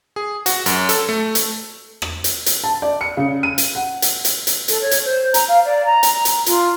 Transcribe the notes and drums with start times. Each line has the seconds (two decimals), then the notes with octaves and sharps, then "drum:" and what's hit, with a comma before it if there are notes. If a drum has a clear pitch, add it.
0.16 G#4
0.46 F#4, drum: hi-hat
0.66 F#2, drum: hi-hat
0.89 A4, drum: hi-hat
1.09 A3
1.35 drum: hi-hat
2.02 drum: rim click
2.24 drum: hi-hat
2.46 drum: hi-hat
2.64 A5
2.82 D5
3.01 C#7
3.17 C#3
3.43 D#7
3.58 drum: hi-hat
3.75 F#5
4.02 drum: hi-hat
4.25 drum: hi-hat
4.47 drum: hi-hat
4.68 A4, drum: hi-hat
4.81 C#5
4.91 drum: hi-hat
5.05 C5
5.34 A#5, drum: hi-hat
5.48 F5
5.65 D5
5.86 A#5
6.03 drum: hi-hat
6.25 drum: hi-hat
6.46 F4, drum: hi-hat